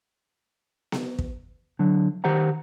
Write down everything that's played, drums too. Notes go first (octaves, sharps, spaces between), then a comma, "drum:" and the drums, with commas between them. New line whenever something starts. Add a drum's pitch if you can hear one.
drum: snare B3
drum: kick
D3 F#3
D#3 G4 C5 F#5 A#5